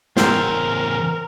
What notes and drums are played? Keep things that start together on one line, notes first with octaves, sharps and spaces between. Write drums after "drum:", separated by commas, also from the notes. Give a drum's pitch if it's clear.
E2 C#3 A#4 C5 G5 E6, drum: snare